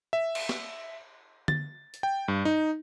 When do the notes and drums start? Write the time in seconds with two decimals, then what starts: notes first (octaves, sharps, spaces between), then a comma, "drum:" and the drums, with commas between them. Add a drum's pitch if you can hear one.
0.13 E5
0.35 drum: cymbal
0.49 drum: snare
1.48 A6, drum: tom D3
1.94 drum: hi-hat
2.03 G5
2.28 G2
2.45 D#4